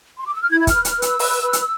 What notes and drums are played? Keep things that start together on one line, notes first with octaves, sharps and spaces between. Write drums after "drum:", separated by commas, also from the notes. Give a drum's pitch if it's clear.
C6
D6
E6
F6
E4 G#6
G#6
F6, drum: kick, hi-hat
B4
F6, drum: hi-hat
B4
E6, drum: hi-hat
B4, drum: open hi-hat
B4
drum: hi-hat